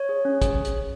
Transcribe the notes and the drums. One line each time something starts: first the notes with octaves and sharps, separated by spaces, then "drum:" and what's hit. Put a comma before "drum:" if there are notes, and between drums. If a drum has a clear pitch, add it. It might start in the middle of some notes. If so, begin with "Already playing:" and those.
Already playing: C#5
G#4
C#4
G#4, drum: kick, hi-hat
drum: hi-hat